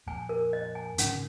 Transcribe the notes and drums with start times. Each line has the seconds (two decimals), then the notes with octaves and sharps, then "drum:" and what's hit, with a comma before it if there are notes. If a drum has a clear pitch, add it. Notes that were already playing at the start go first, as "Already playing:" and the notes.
0.07 F2 A#2 G#5
0.29 A#4
0.53 D#5
0.75 G#5
0.98 G#2 C#3 C#4, drum: hi-hat